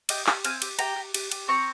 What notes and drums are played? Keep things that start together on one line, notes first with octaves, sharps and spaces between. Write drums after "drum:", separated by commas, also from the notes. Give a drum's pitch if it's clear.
G4 D#5 G5, drum: cymbal
G4, drum: clap
C4 F5 G#5, drum: cymbal
G4, drum: cymbal
G4 G5 A#5, drum: cymbal
G4
G4, drum: cymbal
G4, drum: cymbal
C4 A#5 C#6